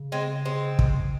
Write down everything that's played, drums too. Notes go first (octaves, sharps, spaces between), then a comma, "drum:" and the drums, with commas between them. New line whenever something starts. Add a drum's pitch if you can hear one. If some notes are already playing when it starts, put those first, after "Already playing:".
Already playing: C#3
G#3 C4
G#3 C4
drum: kick